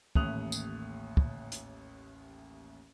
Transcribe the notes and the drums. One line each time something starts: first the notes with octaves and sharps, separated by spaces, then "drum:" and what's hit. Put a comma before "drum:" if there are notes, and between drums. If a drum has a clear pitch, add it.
A1 D#2 A3 D#6 F#6 F7, drum: kick
drum: tambourine
drum: kick
drum: hi-hat